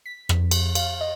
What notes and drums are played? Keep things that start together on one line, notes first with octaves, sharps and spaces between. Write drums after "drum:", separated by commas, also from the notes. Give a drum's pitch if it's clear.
B6
F2, drum: rim click
drum: cymbal
F5, drum: cymbal
D#5